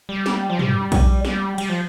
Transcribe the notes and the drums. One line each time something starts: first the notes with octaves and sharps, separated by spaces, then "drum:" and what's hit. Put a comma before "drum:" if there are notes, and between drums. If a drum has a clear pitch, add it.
G3
drum: snare
F3
G3, drum: tom
drum: kick A#1, cymbal
G3, drum: snare
G3, drum: cymbal
F3